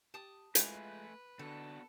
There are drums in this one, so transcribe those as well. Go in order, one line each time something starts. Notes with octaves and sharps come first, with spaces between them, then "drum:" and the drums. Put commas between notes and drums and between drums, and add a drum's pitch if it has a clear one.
G4 A5 D#6
G#3 A3 E4 F4 B4 E5 F5 G#5, drum: hi-hat
D3 B3 D4 F#4 A4